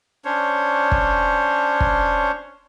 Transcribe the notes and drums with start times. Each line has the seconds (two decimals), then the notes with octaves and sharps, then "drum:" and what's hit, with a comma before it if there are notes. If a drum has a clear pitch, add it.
0.25 C#4 D4 C5 C#5
0.92 drum: kick
1.80 drum: kick